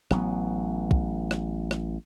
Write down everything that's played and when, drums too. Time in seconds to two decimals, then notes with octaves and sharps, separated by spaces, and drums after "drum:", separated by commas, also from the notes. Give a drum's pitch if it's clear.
0.11 A1 F#3 A3 B3, drum: rim click
0.91 drum: kick
1.31 drum: rim click
1.71 drum: rim click